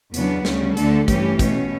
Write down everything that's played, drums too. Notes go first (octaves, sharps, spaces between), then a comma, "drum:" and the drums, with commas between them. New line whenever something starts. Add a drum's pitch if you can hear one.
E2 C#3 F#3 B3 D4, drum: hi-hat
D2 C#3 G3 C#4, drum: snare
D2 D3 A3 D4 A4, drum: hi-hat
G2 E3 A3 C#4 G4, drum: kick, hi-hat
B2 A3 C#4, drum: kick, hi-hat